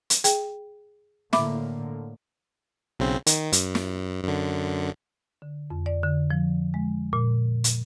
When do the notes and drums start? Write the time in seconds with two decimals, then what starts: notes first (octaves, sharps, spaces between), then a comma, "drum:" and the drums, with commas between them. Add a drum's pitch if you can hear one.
0.10 drum: hi-hat
0.24 G#4 G5, drum: hi-hat
1.33 A2 D3 A#3 E5 B5 D6, drum: snare
2.99 B1 C#3 C4
3.27 D#3, drum: hi-hat
3.53 F#2, drum: hi-hat
3.75 drum: snare
4.24 F#2 D3
5.42 D3
5.70 F2
5.86 D5
6.03 D3
6.30 F3
6.74 G#3
7.13 A#2
7.64 drum: hi-hat